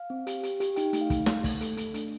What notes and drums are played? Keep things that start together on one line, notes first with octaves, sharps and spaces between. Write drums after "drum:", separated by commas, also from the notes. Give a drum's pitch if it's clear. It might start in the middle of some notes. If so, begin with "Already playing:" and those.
Already playing: F5
C4
G4, drum: hi-hat
G4, drum: hi-hat
G4, drum: hi-hat
D#4 G5, drum: hi-hat
A3, drum: hi-hat
F5
A3, drum: kick, hi-hat
A3, drum: snare
A3, drum: kick, open hi-hat
A4, drum: hi-hat
A3, drum: hi-hat
D4, drum: hi-hat